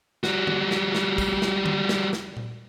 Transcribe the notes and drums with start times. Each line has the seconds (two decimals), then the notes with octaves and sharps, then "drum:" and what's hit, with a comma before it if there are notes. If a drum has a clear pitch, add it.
0.24 G3 F#4, drum: snare
0.47 drum: tom D3
0.71 drum: snare
0.95 drum: snare
1.18 drum: kick, tambourine
1.42 drum: snare
1.66 drum: tom D3
1.89 drum: snare
2.13 drum: snare
2.37 drum: tom A#2